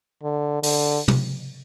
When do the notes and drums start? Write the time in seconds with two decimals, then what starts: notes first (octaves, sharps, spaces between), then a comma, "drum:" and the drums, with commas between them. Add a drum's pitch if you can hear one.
0.23 D3
0.63 D3, drum: open hi-hat
1.08 drum: tom